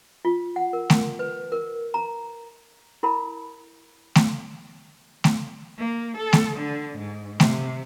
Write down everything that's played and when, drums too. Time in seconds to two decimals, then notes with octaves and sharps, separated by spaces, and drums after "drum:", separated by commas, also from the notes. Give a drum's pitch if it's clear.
0.25 F4
0.56 F#5
0.73 A#4
0.90 drum: snare A3
1.19 B4
1.52 A#4
1.94 A#5
3.03 E4 A#4 A5 B5
4.15 drum: snare A3
5.24 drum: snare A3
5.78 A#3
6.17 A4
6.33 drum: snare A3
6.56 D3
6.98 G#2
7.40 C3, drum: snare A3